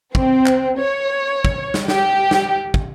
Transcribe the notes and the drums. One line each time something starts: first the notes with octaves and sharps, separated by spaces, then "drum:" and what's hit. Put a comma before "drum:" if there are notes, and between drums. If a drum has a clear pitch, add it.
C4, drum: kick
drum: clap
C#5
drum: kick
drum: snare
G4, drum: snare
drum: snare
drum: kick